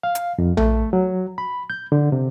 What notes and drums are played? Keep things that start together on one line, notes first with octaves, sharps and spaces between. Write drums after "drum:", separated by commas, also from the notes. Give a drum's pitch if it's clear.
F5
drum: hi-hat
F2
A3, drum: tom A#1
F#3
B5
G6
D3
C3